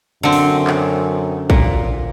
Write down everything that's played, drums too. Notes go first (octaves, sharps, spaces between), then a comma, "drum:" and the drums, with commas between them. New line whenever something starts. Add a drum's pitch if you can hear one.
F#2 D3 C4
drum: open hi-hat
drum: clap
A#2, drum: kick